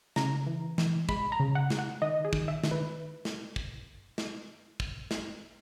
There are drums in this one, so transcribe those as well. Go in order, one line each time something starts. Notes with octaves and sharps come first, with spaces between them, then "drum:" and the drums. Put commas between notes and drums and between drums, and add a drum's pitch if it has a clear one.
C#3 A#5, drum: snare
E3
E3, drum: snare
G#3 B5, drum: kick
A#5
C#3
F#5
G#3, drum: snare
F#5
D#3 D#5
G#4
D#3, drum: kick
E5
D#3, drum: snare
B4
drum: snare
drum: kick
drum: snare
drum: kick
drum: snare